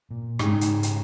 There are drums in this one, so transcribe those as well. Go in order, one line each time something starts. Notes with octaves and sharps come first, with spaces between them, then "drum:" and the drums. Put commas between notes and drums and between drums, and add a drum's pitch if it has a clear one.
A#2
G#2 C#3 G#3 D#4 G4, drum: rim click
drum: hi-hat
drum: hi-hat